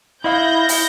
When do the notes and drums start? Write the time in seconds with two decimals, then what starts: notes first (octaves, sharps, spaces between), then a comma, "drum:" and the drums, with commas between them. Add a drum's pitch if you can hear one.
0.24 E4 D#5 F5 B5 G6 A#6
0.69 drum: open hi-hat